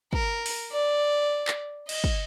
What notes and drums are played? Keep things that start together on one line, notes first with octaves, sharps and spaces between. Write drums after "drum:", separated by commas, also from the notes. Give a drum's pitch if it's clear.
A#4, drum: kick
drum: open hi-hat
D5
drum: clap
D#5, drum: cymbal
drum: kick